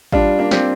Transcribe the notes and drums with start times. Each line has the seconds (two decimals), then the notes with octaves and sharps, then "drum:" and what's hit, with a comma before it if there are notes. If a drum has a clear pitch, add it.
0.12 G3 D4 F4, drum: kick A1
0.39 A#3 D4
0.51 C4 G4, drum: snare